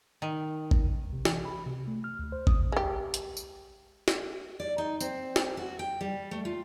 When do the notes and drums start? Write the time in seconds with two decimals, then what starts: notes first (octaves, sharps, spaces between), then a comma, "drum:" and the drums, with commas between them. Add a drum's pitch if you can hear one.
0.22 D#3
0.71 drum: kick G#1
1.13 C3
1.25 E3, drum: snare
1.45 B5
1.66 C3
1.87 A3
2.04 F6
2.19 D2
2.32 C5
2.47 D#6, drum: kick G#1
2.72 G#3 G4
3.14 drum: hi-hat
3.37 drum: tambourine
4.08 drum: snare
4.60 D5
4.78 D#4
5.01 C4, drum: tambourine
5.36 drum: snare
5.57 F#4
5.79 G5
6.01 G3
6.31 A3
6.45 F4